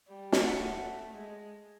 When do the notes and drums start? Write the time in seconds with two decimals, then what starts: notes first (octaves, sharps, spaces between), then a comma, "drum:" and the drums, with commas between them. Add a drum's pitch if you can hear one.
0.08 G3
0.32 drum: snare
0.43 A3 F#5
1.14 G#3